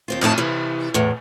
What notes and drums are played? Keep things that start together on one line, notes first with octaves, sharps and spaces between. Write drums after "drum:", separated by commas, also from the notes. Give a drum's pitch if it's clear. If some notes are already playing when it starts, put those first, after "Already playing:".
D#2 C4 F4
F2 A2 D#3 A5, drum: cymbal
C3 E3
E2 A2